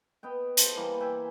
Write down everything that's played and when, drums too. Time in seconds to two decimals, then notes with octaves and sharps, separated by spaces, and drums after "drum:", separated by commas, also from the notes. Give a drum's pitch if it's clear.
0.23 B3 D#5 G5
0.57 C5 A5, drum: hi-hat
0.76 E3 G3 A#3 B5
1.00 E5 G5 G#5